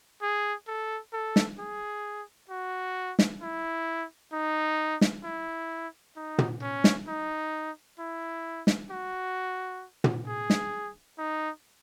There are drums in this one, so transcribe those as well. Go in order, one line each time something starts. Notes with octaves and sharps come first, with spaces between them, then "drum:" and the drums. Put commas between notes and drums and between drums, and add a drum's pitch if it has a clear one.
G#4
A4
A4
drum: snare
G#4
F#4
drum: snare
E4
D#4
drum: snare
E4
D#4
drum: tom
C#4
drum: snare
D#4
E4
drum: snare
F#4
drum: tom
G#4
drum: snare
D#4